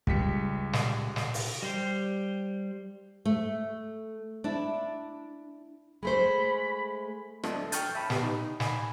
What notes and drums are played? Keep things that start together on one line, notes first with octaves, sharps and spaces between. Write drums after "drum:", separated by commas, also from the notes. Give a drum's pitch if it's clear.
C#2 G3 B6 C#7, drum: kick
drum: snare
drum: snare
drum: open hi-hat
G3 C5
A3
D4 E4
G#3 A3 C5 B5
D4 A4 D#5 E5, drum: rim click
G5 C#6 F6 G6 A6, drum: hi-hat
E5 A5 B5
B3 G4 B4, drum: snare
D#4
G#5 B5, drum: snare